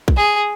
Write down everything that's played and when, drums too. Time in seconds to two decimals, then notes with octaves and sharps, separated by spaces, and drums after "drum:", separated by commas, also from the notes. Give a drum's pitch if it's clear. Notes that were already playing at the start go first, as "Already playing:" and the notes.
0.08 drum: kick
0.17 G#4